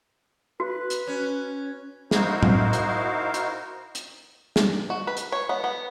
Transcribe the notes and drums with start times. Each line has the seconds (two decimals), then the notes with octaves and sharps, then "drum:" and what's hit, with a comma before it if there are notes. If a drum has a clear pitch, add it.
0.60 F#4 B4
0.90 drum: hi-hat
1.07 C#4
2.11 D#4 E4 F#4 A#4 C5 F5, drum: snare
2.43 drum: tom A2
2.73 drum: hi-hat
3.34 drum: hi-hat
3.95 drum: hi-hat
4.56 drum: snare
4.90 F#4
5.07 B4
5.17 drum: hi-hat
5.32 C#5
5.49 B3
5.64 B3